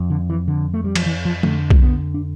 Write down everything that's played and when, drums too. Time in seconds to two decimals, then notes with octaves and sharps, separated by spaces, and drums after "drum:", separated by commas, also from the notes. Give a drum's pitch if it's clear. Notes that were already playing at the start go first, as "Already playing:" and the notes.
Already playing: F2
0.10 D3
0.30 E3
0.48 D3
0.74 A3
0.84 G3
0.95 F3, drum: cymbal
1.06 E3
1.25 F3
1.43 F2 D3 A3, drum: tom
1.70 drum: kick B1
1.82 B3
2.14 D4